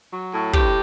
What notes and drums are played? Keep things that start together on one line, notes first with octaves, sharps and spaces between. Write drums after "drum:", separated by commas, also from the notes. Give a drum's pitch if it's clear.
F#3
A2
G2 G4, drum: kick